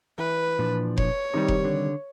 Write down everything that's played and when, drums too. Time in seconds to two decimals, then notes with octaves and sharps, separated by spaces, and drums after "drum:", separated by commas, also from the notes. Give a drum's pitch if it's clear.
0.18 E3 B4
0.59 A#2 F3 D4
0.98 C#5, drum: kick F1
1.34 C3 D#3 G3 D#4
1.48 drum: kick F1
1.65 D3